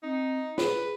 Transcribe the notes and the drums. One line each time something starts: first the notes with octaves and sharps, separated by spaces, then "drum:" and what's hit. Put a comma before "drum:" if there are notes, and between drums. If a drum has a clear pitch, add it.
C4 D#4
G#4 B4, drum: snare